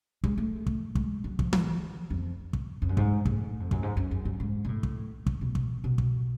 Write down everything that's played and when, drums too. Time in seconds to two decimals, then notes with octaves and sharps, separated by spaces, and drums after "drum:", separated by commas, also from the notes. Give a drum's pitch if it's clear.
0.24 G#3, drum: kick
0.38 A3
0.66 drum: kick
0.95 G#3, drum: kick
1.24 F#3
1.39 F3, drum: kick
1.53 D3, drum: tom E3
2.10 F2
2.53 drum: kick
2.82 F2
2.89 F#2
2.97 G#2, drum: kick
3.25 A2, drum: kick
3.60 F2
3.71 F#2, drum: kick
3.83 G#2
3.97 F#2
4.11 F#2
4.25 F#2
4.40 G#2
4.65 B2
4.69 A2
4.83 drum: kick
5.26 A2, drum: kick
5.41 B2
5.55 drum: kick
5.84 B2
5.98 drum: kick